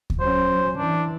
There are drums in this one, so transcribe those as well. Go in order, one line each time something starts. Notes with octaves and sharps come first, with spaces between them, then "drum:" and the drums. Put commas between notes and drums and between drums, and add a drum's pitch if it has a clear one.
drum: kick D2
F#3 C#4 C5
E3 D4